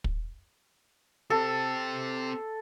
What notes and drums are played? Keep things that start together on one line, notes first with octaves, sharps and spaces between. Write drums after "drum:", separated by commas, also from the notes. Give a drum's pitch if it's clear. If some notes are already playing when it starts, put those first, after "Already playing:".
drum: kick
C4 G4 A4